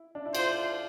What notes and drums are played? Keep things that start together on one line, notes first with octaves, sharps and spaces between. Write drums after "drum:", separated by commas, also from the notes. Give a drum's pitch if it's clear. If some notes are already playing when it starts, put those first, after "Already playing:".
Already playing: E4
D4
E4
F4 C5, drum: cymbal